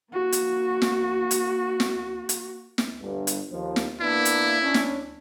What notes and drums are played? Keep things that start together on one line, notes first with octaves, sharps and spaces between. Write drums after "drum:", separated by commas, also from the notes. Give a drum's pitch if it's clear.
A#3 F#4
drum: hi-hat
drum: snare
drum: hi-hat
drum: snare
drum: hi-hat
drum: snare
G1 G2
drum: hi-hat
D#2 F3
drum: snare
A#3 B3 D4 E4
drum: hi-hat
C#4 D4
drum: snare